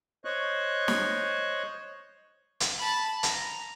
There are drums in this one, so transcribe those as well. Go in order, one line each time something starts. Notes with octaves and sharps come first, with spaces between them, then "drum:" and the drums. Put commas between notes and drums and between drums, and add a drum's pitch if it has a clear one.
C5 C#5 D#5 C#6 F#6
drum: snare
drum: hi-hat
A5 B5
A#5, drum: hi-hat